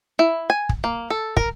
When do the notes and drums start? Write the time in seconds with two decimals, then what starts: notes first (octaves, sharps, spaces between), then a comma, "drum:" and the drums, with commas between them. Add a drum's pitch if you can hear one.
0.19 E4
0.50 G#5
0.69 drum: kick
0.84 A#3
1.10 A4
1.37 A#4, drum: kick